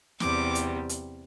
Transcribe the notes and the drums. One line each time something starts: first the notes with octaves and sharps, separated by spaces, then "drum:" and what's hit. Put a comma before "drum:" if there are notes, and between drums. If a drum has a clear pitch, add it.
E2 C3 G3 D6, drum: snare
drum: hi-hat
drum: hi-hat